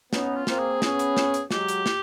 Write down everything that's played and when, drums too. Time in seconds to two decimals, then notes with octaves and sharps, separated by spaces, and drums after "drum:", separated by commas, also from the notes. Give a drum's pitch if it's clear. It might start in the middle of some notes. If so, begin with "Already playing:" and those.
0.13 B3 C#4 D#4, drum: snare
0.36 F4
0.47 A#3 C4, drum: snare
0.59 G#4
0.82 B3 C#4, drum: snare
0.99 drum: hi-hat
1.17 drum: snare
1.34 drum: hi-hat
1.51 F#3 G#3 G4, drum: snare
1.68 drum: hi-hat
1.86 drum: snare